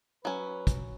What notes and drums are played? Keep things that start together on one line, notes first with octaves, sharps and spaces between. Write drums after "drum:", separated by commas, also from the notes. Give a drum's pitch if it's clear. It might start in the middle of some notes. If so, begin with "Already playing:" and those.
F#3 C#4 B4
drum: kick, hi-hat